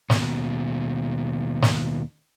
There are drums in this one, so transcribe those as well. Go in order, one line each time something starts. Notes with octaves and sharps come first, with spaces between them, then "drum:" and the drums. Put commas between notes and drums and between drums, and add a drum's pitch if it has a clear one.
D#2 B2, drum: snare
drum: snare